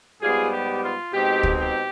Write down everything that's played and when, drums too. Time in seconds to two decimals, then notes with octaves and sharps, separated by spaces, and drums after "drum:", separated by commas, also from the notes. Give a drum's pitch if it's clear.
0.22 G#2 G3 B3 F4 G#4
0.52 G4
0.83 F4
1.13 B2 G#3 C4 D#4 G4
1.43 drum: kick
1.60 G4